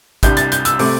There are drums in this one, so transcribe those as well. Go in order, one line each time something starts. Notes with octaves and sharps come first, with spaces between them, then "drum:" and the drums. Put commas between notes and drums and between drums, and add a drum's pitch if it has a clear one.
C2 C3 G3 D4 G6, drum: kick, hi-hat
A6, drum: hi-hat
G6, drum: hi-hat
E6, drum: hi-hat
C3 A3 C4 D6, drum: open hi-hat